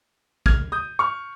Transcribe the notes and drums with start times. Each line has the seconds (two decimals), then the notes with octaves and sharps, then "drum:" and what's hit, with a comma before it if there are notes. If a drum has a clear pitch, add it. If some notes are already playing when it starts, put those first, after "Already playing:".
0.46 F6 G#6, drum: kick
0.72 D#6 G6
0.99 C#6 F6